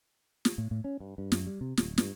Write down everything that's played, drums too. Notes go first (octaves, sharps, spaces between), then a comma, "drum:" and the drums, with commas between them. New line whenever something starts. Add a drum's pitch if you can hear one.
drum: snare
A2
A2
C#4
G2
G2
F#2, drum: snare
G3
C3
D1, drum: snare
G2, drum: snare